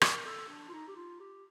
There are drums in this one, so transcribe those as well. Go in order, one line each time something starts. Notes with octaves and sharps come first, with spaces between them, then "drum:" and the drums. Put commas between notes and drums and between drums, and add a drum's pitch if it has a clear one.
A#4, drum: rim click
A4
D4
F4
D#4
G4
F4
G4